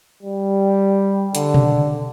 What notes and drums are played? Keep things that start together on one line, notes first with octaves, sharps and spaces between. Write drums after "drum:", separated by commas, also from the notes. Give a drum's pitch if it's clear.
G3
D3, drum: hi-hat
drum: tom B2